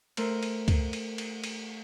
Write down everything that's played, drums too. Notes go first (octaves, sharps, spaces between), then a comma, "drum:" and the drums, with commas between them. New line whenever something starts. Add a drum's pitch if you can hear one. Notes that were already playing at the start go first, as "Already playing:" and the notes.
A3 A#4 C5, drum: cymbal
drum: cymbal
drum: kick C#2, cymbal
drum: cymbal
drum: cymbal
drum: cymbal